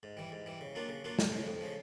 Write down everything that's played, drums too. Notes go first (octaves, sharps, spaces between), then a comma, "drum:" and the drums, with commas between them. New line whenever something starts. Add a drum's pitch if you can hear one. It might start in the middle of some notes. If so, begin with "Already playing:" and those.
G#2
E3 G3
G#2
E3 G3
C#3
F#3 A#3 D4 F4
C#3
F#3 A#3 D4 F4
F2, drum: snare
C#3 F3
F2
C#3 F3